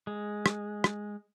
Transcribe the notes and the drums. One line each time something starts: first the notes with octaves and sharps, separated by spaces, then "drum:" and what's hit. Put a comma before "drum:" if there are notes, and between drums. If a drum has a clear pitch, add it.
G#3
drum: rim click
drum: rim click